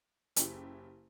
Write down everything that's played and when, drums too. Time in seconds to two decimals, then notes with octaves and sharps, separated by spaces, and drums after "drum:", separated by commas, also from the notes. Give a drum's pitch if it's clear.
0.36 F#1 C#3 E4 G4, drum: hi-hat